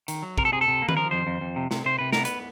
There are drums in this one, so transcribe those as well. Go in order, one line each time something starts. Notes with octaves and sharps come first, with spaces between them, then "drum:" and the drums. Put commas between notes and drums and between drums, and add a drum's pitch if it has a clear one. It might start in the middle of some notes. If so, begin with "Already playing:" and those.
D#3, drum: hi-hat
F#3
C3 A#4, drum: kick
A4
C3 G#4
A4
C3
A#3
B4, drum: tom D#3
F3 A#4
F2 C5
F2
F2
C3
C3, drum: snare
C3 C5
C3 B4
B3 A#4, drum: snare
B4, drum: hi-hat